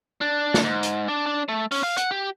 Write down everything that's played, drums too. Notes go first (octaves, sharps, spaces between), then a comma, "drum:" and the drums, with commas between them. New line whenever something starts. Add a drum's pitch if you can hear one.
D4
drum: snare
G#2
drum: hi-hat
D4
D4
A3
C#4, drum: open hi-hat
F5
F#5, drum: hi-hat
G4